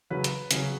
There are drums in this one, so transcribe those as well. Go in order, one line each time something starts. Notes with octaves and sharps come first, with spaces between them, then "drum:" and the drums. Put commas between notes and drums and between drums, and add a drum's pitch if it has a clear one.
C#3 F#3 C#4 B4
drum: hi-hat
C#3 F#3 C#4 G#4, drum: hi-hat
F#4